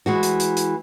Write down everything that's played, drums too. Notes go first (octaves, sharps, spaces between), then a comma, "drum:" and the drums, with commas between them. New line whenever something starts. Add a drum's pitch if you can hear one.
E3 G#3 F#4
drum: hi-hat
drum: hi-hat
drum: hi-hat